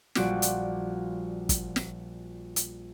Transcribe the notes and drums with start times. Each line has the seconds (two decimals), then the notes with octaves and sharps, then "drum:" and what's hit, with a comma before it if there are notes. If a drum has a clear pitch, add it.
0.15 A#1 G3 F4 F#4 D6 D7, drum: snare
0.42 drum: hi-hat
1.49 drum: kick, hi-hat
1.76 drum: snare
2.56 drum: hi-hat